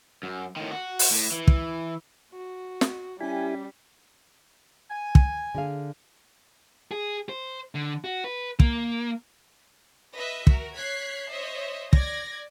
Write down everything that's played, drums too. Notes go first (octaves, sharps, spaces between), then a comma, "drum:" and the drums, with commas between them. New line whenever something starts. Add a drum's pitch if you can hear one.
F#2
A2 D#3
F#4
drum: open hi-hat
A2
E3
drum: kick
F#4
drum: snare
G3 C#4 E4 G4 G#5 B6
G#5
drum: kick
D3 G#4 F5
G#4
C5
D3
F#4
B4
A#3, drum: kick
B4 D#5 E5
F#4 A#4, drum: kick
C#5 F#6 G#6 B6 C7
C5 C#5 D#5 E5
D5 G#6 A#6, drum: kick